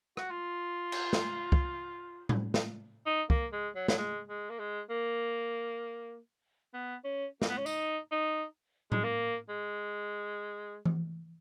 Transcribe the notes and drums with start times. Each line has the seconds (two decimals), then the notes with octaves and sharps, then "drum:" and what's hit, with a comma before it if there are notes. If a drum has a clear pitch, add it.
0.17 F#4, drum: rim click
0.31 F4
0.92 drum: cymbal
1.13 drum: snare
1.52 drum: kick
2.29 drum: tom A2
2.54 drum: snare
3.06 D#4
3.30 A#3, drum: kick
3.53 G#3
3.75 F#3
3.88 F#3, drum: snare
3.98 G#3
4.29 G#3
4.50 A#3
4.59 G#3
4.90 A#3
6.74 B3
7.04 C#4
7.42 A#3, drum: snare
7.49 B3
7.58 C#4
7.66 D#4, drum: tambourine
8.12 D#4
8.92 G#3, drum: tom A2
9.04 A#3
9.49 G#3
10.85 drum: tom E3